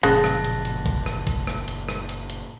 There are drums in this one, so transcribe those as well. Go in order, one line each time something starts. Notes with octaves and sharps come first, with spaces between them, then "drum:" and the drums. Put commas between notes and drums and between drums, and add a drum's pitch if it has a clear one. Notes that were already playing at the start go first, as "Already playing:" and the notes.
F#1 C2 A#2 C#3 F3 A5 F#6 A#6, drum: hi-hat
drum: rim click
drum: hi-hat
drum: hi-hat
drum: kick, hi-hat
drum: rim click
drum: kick, hi-hat
drum: rim click
drum: hi-hat
drum: rim click
drum: hi-hat
drum: hi-hat